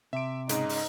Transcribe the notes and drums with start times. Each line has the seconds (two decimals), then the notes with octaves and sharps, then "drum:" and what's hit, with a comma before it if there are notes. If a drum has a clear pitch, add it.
0.13 C3 E5 D7
0.49 G#2 C#3 D#4, drum: hi-hat
0.69 drum: open hi-hat